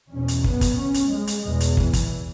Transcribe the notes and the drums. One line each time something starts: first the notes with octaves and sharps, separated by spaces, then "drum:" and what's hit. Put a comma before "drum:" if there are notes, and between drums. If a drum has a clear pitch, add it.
E2 B2 C#4
drum: hi-hat
B3, drum: kick
drum: kick, hi-hat
C#4
drum: hi-hat
G#3
drum: hi-hat
E2 B2 G#3
drum: hi-hat
E3, drum: kick
drum: kick, hi-hat